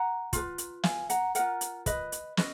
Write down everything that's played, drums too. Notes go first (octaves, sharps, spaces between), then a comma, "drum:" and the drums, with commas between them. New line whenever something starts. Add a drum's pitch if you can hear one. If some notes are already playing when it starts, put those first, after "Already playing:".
Already playing: F#5 A#5
F4 G#4 B4, drum: kick, hi-hat
drum: hi-hat
F5 G#5, drum: snare
F#5 A#5, drum: hi-hat
F4 A#4 F#5 A#5, drum: hi-hat
drum: hi-hat
B4 D#5, drum: kick, hi-hat
drum: hi-hat
C#4 B4 D#5, drum: snare